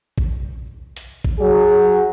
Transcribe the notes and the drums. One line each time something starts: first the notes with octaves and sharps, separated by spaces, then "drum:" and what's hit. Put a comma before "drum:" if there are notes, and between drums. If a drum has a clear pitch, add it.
drum: kick A1
drum: hi-hat
drum: kick A1
F#3 G#4